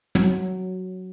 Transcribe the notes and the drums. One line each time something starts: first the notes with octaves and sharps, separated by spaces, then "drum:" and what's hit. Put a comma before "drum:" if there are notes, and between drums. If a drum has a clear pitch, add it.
F#3, drum: tom